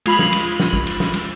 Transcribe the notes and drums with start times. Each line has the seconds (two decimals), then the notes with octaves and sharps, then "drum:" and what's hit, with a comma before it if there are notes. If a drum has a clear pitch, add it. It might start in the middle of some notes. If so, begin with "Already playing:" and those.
0.06 G#3 F4 B5 F#7, drum: cymbal
0.19 drum: snare
0.33 drum: cymbal
0.60 drum: snare
0.73 drum: kick A1
0.87 drum: cymbal
1.00 drum: snare
1.14 drum: cymbal